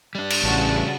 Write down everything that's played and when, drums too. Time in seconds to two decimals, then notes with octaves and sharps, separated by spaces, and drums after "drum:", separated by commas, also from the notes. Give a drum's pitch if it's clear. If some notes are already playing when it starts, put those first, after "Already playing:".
0.15 G3 D4
0.30 drum: cymbal
0.43 A1 C#3 F#4 A5